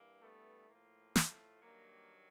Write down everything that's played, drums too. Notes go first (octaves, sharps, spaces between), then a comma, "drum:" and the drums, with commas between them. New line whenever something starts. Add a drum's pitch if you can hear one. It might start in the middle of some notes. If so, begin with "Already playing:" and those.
Already playing: G2 E3 A#3
A3 B3
A2 F3 A#3
A3, drum: snare
G2 D#3 F#3 A#3